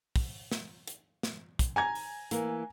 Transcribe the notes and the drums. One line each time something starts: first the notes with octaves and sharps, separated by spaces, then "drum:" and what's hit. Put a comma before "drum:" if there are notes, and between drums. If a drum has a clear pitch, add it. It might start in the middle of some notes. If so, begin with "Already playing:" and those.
drum: kick, open hi-hat
drum: snare
drum: hi-hat
drum: snare
drum: kick, hi-hat
G#5 A#5 G#6
drum: open hi-hat
E3 A#3, drum: hi-hat